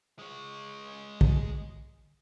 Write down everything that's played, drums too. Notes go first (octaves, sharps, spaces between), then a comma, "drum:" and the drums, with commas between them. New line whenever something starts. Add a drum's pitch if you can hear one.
G#3 C#5
drum: kick